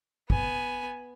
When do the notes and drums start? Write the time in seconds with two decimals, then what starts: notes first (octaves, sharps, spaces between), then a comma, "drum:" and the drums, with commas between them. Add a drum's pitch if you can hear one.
0.30 B3 G#5, drum: kick